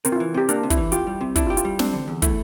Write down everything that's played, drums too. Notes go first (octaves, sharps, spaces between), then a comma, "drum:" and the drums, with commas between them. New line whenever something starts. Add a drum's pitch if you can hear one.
C3 A#4, drum: hi-hat
F4
E3 E4
C3 G4
A#3 D4, drum: hi-hat
C3
E4, drum: kick, hi-hat
E3
F4 G4, drum: hi-hat
G3
C3
D4 E4, drum: kick, hi-hat
F4
G4
F4, drum: hi-hat
G3
C4 D4, drum: snare
D3
E2
A3 E4, drum: kick, hi-hat